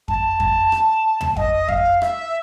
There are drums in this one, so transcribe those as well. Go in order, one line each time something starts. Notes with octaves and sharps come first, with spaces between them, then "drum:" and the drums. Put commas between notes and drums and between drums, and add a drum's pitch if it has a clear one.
A5, drum: kick F2
drum: kick F2
drum: rim click
drum: tom D2
D#5, drum: kick F2
F5, drum: kick F2
E5, drum: rim click